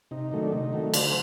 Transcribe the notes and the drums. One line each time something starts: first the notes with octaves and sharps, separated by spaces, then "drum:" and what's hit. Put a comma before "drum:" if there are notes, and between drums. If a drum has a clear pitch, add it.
C3 D#4
D#3 F#3 A3
D4
C3 D#4
D#3 F#3 A3
D3 D5, drum: cymbal
C5